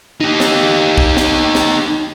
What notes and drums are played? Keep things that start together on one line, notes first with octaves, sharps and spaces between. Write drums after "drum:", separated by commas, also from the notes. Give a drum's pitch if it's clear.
D#4 G4
drum: snare
drum: kick
drum: snare
drum: snare